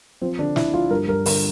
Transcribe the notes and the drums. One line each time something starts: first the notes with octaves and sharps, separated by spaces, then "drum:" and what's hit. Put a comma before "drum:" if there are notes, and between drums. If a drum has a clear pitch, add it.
F3 C4
D3 D4
D3 E4, drum: snare
F3 F4
G2 A#4
G2 A#4
D3 A#4, drum: open hi-hat